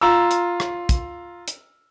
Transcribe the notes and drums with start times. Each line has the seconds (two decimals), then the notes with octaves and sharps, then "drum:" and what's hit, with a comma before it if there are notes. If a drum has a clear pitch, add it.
0.01 F4 A#5 E6
0.31 drum: hi-hat
0.60 drum: rim click
0.89 drum: kick, hi-hat
1.48 drum: hi-hat